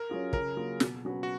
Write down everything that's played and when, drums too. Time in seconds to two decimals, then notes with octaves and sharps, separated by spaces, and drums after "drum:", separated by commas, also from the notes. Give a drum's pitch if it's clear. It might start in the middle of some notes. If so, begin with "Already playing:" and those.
Already playing: A#4
0.10 F#3 C#4 F4 G#4
0.33 C#3 A#4, drum: kick
0.57 F#3 A#3 F4 G#4
0.80 B2, drum: snare
1.05 F#3 C#4 F#4 B4
1.23 F#4